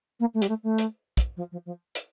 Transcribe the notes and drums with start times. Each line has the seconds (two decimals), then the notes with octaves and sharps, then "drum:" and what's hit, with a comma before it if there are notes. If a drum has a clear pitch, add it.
0.20 A#3
0.34 A3
0.42 G3, drum: hi-hat
0.49 A3
0.63 A3
0.78 drum: hi-hat
1.17 drum: kick, hi-hat
1.37 F3
1.52 F3
1.66 F3
1.95 drum: hi-hat